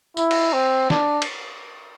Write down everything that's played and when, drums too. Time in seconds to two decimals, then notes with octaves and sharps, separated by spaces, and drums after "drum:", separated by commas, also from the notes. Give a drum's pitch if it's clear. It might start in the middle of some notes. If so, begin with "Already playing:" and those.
0.17 E4, drum: tambourine
0.31 drum: cymbal
0.53 C4
0.90 D4, drum: snare
1.22 drum: cymbal